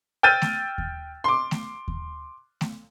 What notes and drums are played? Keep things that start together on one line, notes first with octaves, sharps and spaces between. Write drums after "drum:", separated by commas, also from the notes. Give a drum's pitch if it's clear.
G5 E6 F6 G6 A6 D#7
drum: snare A3
drum: kick D#2
C6 D6
drum: snare A3
drum: kick D#2
drum: snare A3